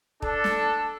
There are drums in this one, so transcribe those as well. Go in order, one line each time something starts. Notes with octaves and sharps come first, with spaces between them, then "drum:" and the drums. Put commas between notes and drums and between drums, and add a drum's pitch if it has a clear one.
D4 A4, drum: kick
drum: snare